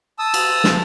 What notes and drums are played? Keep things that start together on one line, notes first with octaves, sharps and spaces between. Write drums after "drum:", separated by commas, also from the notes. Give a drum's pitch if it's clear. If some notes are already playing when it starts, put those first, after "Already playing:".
A5 D#6 E6
drum: cymbal
drum: snare